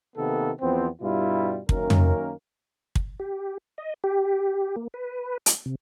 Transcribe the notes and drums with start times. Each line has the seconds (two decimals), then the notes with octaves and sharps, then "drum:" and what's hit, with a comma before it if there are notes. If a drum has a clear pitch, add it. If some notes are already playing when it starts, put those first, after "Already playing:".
0.16 C3 D#3 A#3 B3 A4
0.61 E2 F3 B3 C4
1.02 G2 B2 G3 E4 F4
1.69 F#2 D#3 A#3 C#4 A#4, drum: kick
1.90 drum: tom
2.95 drum: kick
3.20 G4
3.78 D#5
4.04 G4
4.76 A#3
4.94 B4
5.46 drum: hi-hat
5.66 C3